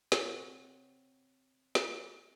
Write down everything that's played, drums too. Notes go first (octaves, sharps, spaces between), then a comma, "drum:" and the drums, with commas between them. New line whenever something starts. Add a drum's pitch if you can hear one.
C4 C#5 F#5, drum: snare
drum: snare